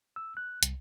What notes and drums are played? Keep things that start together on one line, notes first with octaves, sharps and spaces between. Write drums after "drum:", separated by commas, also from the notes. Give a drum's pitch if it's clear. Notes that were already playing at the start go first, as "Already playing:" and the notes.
E6
F#6
C2, drum: hi-hat